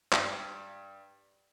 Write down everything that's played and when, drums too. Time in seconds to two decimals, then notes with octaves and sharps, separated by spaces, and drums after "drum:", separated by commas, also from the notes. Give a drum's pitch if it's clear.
0.12 G2, drum: clap